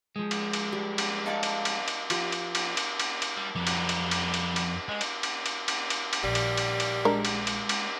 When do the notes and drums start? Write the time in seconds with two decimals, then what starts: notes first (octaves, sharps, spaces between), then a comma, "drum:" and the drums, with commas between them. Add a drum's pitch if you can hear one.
0.16 F3 G#3
0.31 drum: cymbal
0.53 drum: cymbal
0.73 G3
0.98 drum: cymbal
1.26 D#4 D5 F5 A5 C#6
1.43 drum: cymbal
1.65 drum: cymbal
1.88 drum: cymbal
2.10 F3 F4 G4 C5, drum: cymbal
2.32 drum: cymbal
2.55 drum: cymbal
2.77 drum: cymbal
3.00 drum: cymbal
3.22 drum: cymbal
3.37 G3
3.56 F2 F#3 G3
3.67 drum: cymbal
3.89 drum: cymbal
4.11 drum: cymbal
4.34 drum: cymbal
4.56 drum: cymbal
4.89 G#3 D#5
5.01 drum: cymbal
5.23 drum: cymbal
5.46 drum: cymbal
5.68 drum: cymbal
5.90 drum: cymbal
6.13 drum: cymbal
6.23 A#1 G3
6.35 drum: cymbal
6.57 drum: cymbal
6.80 drum: cymbal
7.05 G#3 D4 A#4
7.25 drum: cymbal
7.47 drum: cymbal
7.69 drum: cymbal